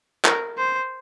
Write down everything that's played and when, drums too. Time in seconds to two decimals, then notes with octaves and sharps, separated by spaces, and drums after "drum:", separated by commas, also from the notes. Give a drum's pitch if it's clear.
0.25 A#4, drum: clap
0.58 C5